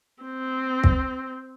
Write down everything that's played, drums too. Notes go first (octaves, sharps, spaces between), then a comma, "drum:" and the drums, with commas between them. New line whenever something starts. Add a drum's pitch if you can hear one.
C4
drum: kick